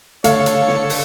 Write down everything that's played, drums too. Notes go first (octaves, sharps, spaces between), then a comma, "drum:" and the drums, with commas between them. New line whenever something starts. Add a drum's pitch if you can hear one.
D3 A3 A4 C#5 F5 C#7, drum: hi-hat
drum: hi-hat
drum: snare
drum: open hi-hat